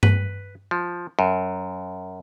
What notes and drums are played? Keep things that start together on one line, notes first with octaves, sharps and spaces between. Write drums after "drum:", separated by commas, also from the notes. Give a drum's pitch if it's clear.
B4, drum: tom G2
F3
F#2